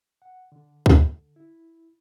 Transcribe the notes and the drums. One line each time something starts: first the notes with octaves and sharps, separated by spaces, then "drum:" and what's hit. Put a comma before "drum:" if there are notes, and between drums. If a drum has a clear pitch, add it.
F#5
D3
drum: kick
E4